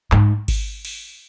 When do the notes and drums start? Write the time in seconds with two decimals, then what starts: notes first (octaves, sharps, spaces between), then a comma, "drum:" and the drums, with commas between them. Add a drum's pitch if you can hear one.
0.12 G#2, drum: clap
0.48 drum: kick G#1, cymbal
0.85 drum: cymbal